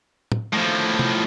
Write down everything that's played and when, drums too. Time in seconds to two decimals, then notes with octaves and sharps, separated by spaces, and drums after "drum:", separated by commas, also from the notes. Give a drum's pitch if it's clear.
0.32 drum: tom
0.53 A2 F3
0.99 drum: tom C3